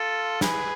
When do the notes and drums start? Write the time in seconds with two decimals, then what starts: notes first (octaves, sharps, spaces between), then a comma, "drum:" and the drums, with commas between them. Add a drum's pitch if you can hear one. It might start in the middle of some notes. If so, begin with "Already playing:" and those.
Already playing: F4 A4
0.41 G#4 B4, drum: snare